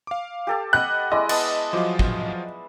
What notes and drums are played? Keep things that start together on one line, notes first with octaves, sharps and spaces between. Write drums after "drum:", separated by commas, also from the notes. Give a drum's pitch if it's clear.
F5 D6
G4 A4 A5
D#5 F#5 B5 F#6
G#3 E4 D5 D#5
B3 A5 D#6 A6, drum: cymbal
F3 F#3 F4 D6
drum: kick